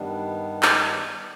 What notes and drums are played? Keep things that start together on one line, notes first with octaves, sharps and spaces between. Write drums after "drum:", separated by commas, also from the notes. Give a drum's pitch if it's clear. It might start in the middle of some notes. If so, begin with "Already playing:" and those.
Already playing: G2 D#3 G3 B3 D4
drum: clap